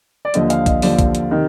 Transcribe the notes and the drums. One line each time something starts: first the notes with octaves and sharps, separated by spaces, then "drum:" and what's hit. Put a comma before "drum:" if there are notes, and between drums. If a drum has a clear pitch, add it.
D5
D#2 D3 F3 D#5, drum: hi-hat
F5, drum: hi-hat
D#5, drum: kick, hi-hat
D#2 D3 F3 D5, drum: open hi-hat
drum: kick, hi-hat
drum: hi-hat
C3 D#3